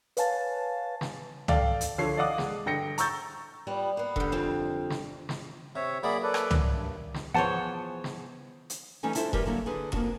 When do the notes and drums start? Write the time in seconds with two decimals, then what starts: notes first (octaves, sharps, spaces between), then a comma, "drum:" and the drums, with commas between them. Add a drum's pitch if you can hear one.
0.17 B4 C#5 F5 G#5 A5 A6, drum: hi-hat
1.01 drum: snare
1.48 A4 D5 F5 G5, drum: tom
1.81 drum: hi-hat
1.98 D3 F3 A4 C#5 C7
2.17 D5 D#5 F5 F#5 D6 D#6
2.38 G#3, drum: snare
2.66 G2 D3 G5 A#6 C#7
2.98 A#5 C#6 E6 G6 A6, drum: hi-hat
3.67 G3 B3 F4
3.97 A#3 B3
4.16 D3 G3, drum: kick E1
4.32 F2 C4 F5
4.90 drum: snare
5.29 drum: snare
5.76 C3 C#5 E5
6.03 F#3 A#3 E4 G#4 D5 B5
6.23 A4 B4 D5
6.34 drum: rim click
6.51 drum: tom
6.75 G2
7.14 drum: snare
7.34 E3 F3 B3 G#4 C5 C#5 F#5 A5
8.04 drum: snare
8.70 drum: hi-hat
9.03 E3 G3 A3 C#4 D#4
9.15 D4 E4 F4 A4 C5, drum: hi-hat
9.33 G3 E4 G4 A#4 B4, drum: kick E1
9.46 D3 F#3 A#3
9.66 D3 G#4 B4
9.93 F2 A#3 D4 D#4 F#4, drum: kick E1